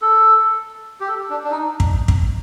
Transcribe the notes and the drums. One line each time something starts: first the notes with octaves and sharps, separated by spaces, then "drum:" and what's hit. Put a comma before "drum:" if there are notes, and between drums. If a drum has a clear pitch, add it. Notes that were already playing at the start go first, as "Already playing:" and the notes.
A4
G4
A4
D4
D4
D#4
drum: kick
drum: kick